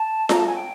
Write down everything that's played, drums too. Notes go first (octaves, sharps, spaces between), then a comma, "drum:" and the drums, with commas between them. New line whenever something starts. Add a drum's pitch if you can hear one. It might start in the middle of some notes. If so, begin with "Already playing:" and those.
Already playing: A5
A#5, drum: snare F4
A5
G#5
G5